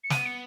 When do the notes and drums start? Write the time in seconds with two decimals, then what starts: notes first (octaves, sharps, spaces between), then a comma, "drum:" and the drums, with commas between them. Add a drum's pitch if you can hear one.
0.03 C#7
0.10 B3 D#7, drum: snare
0.25 C#7